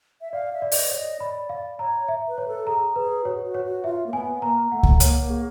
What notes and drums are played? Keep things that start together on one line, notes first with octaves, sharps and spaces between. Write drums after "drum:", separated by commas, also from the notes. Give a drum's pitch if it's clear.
E5
D5 F5
E5
D5
D#5, drum: open hi-hat
C#5 D#5
D5 B5
D5 F5
C#5 A#5
E5
B4
C#5
A4
G#4 A#5
G#4 B4
F#4 C#5
F#4
C#5
F#4
F4 E5
A#3
B3 G#5
A#3 A#5
A3 F#5
drum: kick C#2
A#3 C#5, drum: hi-hat
A#3
G#4